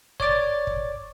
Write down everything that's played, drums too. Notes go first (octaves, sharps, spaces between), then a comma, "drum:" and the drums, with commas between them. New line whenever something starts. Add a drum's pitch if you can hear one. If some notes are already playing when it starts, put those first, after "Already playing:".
C#5 D5 D6 A6, drum: kick
drum: kick